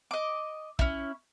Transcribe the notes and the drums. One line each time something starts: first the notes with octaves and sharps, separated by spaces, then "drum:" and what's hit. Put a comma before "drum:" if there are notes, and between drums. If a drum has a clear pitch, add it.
D#5 D6
C#4 E4, drum: kick